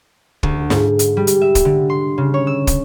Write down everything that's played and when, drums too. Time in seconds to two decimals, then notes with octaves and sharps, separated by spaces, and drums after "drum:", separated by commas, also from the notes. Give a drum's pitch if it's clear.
0.43 D2, drum: kick
0.70 G#2, drum: snare
0.99 drum: hi-hat
1.17 G3
1.27 drum: hi-hat
1.41 E5
1.55 drum: kick, hi-hat
1.65 D3
1.90 C6
2.18 C#3
2.34 C#5
2.47 E6
2.67 drum: kick, hi-hat